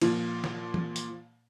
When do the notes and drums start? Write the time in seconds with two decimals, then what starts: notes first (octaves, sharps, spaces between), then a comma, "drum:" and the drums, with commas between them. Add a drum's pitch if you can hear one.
0.01 A#2 F3, drum: cymbal
0.44 drum: snare
0.74 drum: tom E3
0.96 drum: hi-hat